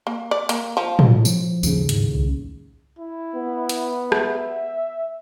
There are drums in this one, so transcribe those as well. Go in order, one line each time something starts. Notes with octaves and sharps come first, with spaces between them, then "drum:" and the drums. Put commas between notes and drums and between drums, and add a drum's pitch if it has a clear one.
A#3
D5
A#3, drum: hi-hat
F3
drum: tom
F3, drum: tambourine
D#2 A2 C#3, drum: tambourine
G#2, drum: hi-hat
C2
E4
B3
drum: hi-hat
E5, drum: rim click